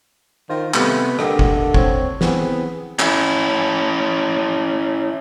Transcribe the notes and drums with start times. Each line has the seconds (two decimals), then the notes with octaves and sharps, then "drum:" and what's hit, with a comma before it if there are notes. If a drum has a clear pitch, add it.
0.50 D#3 F4 C5
0.74 C3 G3 A3 B3, drum: clap
1.19 D3 A#3 G4 D#5, drum: rim click
1.39 drum: kick G1
1.74 C4 C#5, drum: kick G1
2.21 E3 B3 C4 G#4, drum: snare
2.99 C#4 E4, drum: clap